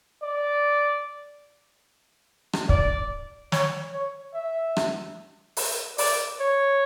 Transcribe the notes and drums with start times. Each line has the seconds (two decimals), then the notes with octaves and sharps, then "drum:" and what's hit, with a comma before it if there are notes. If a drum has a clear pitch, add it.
0.23 D5
2.53 drum: rim click
2.69 D5, drum: kick
3.52 C#5, drum: snare
3.93 C#5
4.34 E5
4.77 drum: rim click
5.57 drum: open hi-hat
5.98 D5, drum: open hi-hat
6.40 C#5